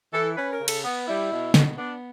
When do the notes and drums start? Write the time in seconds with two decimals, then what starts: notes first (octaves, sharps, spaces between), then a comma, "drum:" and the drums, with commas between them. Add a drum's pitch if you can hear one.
0.13 E3 A4
0.37 C#4 B4
0.53 A#4
0.61 C#3
0.68 A4, drum: cymbal
0.84 B3
1.07 G3 E4
1.31 B2
1.54 B2, drum: snare
1.77 B3 D4